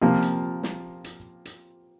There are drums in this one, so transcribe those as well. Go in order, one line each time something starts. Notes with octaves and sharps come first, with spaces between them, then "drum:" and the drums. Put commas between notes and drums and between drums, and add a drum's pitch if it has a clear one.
C3 F3 A#3 F4
drum: hi-hat
drum: snare
drum: hi-hat
drum: hi-hat